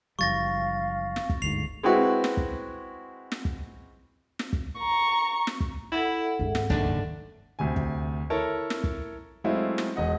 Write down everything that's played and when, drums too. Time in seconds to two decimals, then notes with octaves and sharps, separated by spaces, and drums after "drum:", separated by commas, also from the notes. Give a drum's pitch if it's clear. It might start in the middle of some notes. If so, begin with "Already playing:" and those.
0.19 F#1 F3 G3 F5 C#6 A6 A#6
1.16 drum: snare
1.30 drum: kick
1.42 G1 D2 G#2 C7 F7
1.83 G#3 C4 E4 F#4 B4
2.24 drum: snare
2.37 drum: kick
3.32 drum: snare
3.45 drum: kick
4.39 drum: snare
4.53 drum: kick
4.79 A#5 C#6
5.47 drum: snare
5.60 drum: kick
5.92 E4 A4 E5 F#5
6.39 D2 G#2
6.55 drum: snare
6.70 F#1 D#2 D#3 D4, drum: kick
7.59 D2 C3 G#5
7.76 drum: kick
8.30 E4 A4 A#4 C#5 A5 A#5
8.70 drum: snare
8.84 drum: kick
9.44 F#3 G#3 A3 C4 E4 F4
9.78 drum: snare
9.96 E1 D#5 F#5